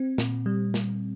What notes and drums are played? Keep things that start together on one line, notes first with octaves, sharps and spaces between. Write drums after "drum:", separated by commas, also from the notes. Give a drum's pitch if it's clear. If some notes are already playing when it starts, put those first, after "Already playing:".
Already playing: C4
A#2, drum: snare
G3
drum: snare